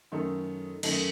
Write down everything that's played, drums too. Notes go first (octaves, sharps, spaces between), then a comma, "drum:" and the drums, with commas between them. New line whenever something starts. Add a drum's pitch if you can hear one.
F#2 D#3 A3 D#4 A4
F#2 D#3 A3 D#4 A4, drum: cymbal